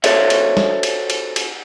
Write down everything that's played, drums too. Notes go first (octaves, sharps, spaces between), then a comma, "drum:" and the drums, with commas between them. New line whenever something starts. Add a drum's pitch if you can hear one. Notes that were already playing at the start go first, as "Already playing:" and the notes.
F#4 A4 C5 C#5 E5, drum: cymbal
drum: cymbal
drum: snare
drum: cymbal
drum: cymbal
drum: cymbal